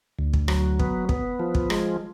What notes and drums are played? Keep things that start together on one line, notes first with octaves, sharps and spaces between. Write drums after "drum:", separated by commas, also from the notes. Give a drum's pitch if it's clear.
D2
drum: kick
F#3, drum: rim click
B3, drum: kick
B3, drum: kick
F3
drum: kick
G#3, drum: rim click